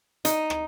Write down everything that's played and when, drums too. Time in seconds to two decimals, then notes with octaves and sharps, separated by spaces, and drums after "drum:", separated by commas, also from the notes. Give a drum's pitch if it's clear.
0.25 D#4, drum: hi-hat
0.50 drum: rim click